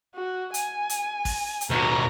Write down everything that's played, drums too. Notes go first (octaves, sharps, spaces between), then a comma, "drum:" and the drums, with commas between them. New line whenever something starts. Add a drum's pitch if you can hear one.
F#4
G#5, drum: hi-hat
drum: hi-hat
drum: kick, open hi-hat
drum: hi-hat
D#2 B2 A#5